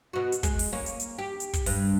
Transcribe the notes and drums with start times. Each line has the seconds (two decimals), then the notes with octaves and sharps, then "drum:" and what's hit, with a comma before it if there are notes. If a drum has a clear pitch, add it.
0.13 B2 F#4
0.32 drum: hi-hat
0.43 G#3, drum: kick, hi-hat
0.59 drum: open hi-hat
0.73 A#3 C#4
0.86 drum: hi-hat
1.00 drum: hi-hat
1.18 G4
1.40 drum: hi-hat
1.53 drum: kick, hi-hat
1.66 G2, drum: open hi-hat